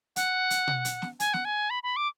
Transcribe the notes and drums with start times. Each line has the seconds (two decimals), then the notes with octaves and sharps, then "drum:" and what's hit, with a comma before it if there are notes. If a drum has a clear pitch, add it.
0.16 F#5, drum: hi-hat
0.50 drum: hi-hat
0.68 drum: tom B2
0.85 drum: hi-hat
1.02 drum: snare
1.20 G#5, drum: hi-hat
1.34 F#5, drum: snare
1.45 G#5
1.70 B5
1.83 B5
1.96 D6